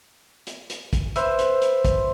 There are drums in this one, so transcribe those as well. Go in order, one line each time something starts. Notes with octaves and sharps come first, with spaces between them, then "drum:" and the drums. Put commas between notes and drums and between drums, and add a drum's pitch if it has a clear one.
drum: hi-hat
drum: hi-hat
drum: kick, hi-hat
B4 C5 E5, drum: hi-hat
drum: hi-hat
drum: hi-hat
drum: kick, hi-hat